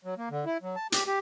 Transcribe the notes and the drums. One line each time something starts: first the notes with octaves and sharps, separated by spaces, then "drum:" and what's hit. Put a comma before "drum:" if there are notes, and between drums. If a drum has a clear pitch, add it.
F#3
A#3
D3
E4
F#3
A5
G4, drum: hi-hat
G4